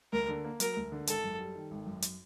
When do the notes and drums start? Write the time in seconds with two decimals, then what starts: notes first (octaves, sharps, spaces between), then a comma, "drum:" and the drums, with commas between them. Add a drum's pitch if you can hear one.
0.13 D2 A#4
0.28 D3
0.44 A#3
0.60 F#3 A#4, drum: hi-hat
0.77 D2
0.92 D3
1.07 G#1 A4, drum: hi-hat
1.24 F#2
1.40 G3
1.56 D#3
1.71 G#1
1.86 F#2
2.02 drum: hi-hat